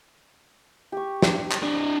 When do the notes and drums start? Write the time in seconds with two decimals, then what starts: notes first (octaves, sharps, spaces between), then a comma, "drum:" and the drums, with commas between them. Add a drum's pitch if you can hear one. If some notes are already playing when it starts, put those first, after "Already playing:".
0.92 G4 C#6
1.22 drum: snare
1.52 drum: clap
1.63 D4 D#5